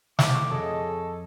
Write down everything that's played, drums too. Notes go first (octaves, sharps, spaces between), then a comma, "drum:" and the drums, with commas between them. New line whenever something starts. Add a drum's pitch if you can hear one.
A3 E4 A4 D6, drum: snare
F2 G#4 A4 C#5 D#5